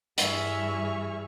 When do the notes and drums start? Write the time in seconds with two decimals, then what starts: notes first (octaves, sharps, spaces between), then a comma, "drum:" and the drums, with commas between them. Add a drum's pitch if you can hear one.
0.18 G2 E3 G#4 E5 C#6 F6, drum: hi-hat